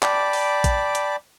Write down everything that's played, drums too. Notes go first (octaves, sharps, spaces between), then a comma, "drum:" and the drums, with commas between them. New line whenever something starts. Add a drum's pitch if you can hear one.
D5 G5 A5 B5 D6, drum: clap
drum: open hi-hat
drum: kick A#1, hi-hat
drum: hi-hat